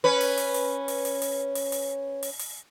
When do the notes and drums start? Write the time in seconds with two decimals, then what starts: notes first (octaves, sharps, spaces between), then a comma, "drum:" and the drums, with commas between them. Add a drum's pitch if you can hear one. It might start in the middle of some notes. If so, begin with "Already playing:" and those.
0.04 C#4 B4
0.21 drum: open hi-hat
0.38 drum: open hi-hat
0.54 drum: open hi-hat
0.88 drum: open hi-hat
1.05 drum: open hi-hat
1.22 drum: open hi-hat
1.55 drum: open hi-hat
1.72 drum: open hi-hat
2.23 drum: open hi-hat
2.39 drum: open hi-hat